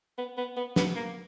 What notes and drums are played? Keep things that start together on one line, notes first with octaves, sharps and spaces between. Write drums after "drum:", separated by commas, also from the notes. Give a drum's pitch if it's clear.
B3
B3
B3
B3, drum: snare
A#3